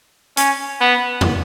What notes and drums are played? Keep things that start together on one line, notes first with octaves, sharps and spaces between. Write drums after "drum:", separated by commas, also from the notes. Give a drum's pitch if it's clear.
C#4, drum: hi-hat
B3
drum: tom